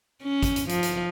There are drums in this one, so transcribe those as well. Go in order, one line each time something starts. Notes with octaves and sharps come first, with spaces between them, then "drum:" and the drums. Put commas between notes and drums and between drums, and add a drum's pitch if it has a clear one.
C#4
drum: kick, hi-hat
drum: hi-hat
F3, drum: hi-hat
drum: hi-hat